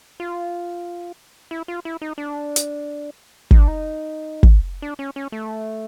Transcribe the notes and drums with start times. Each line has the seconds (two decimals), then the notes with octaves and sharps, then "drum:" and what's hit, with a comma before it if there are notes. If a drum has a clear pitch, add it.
0.20 F4
1.51 E4
1.68 F4
1.85 E4
2.02 D#4
2.18 D4
2.56 drum: hi-hat
3.51 D#4, drum: kick
3.59 D4
3.67 D#4
4.43 drum: kick
4.82 D4
4.99 C#4
5.16 C#4
5.32 A3